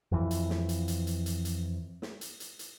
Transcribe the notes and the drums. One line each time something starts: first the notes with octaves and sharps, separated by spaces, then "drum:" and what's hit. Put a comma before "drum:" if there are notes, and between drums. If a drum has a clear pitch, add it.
F2 E3
drum: hi-hat
drum: snare
drum: hi-hat
drum: hi-hat
drum: hi-hat
drum: hi-hat
drum: hi-hat
drum: snare
drum: hi-hat
drum: hi-hat
drum: hi-hat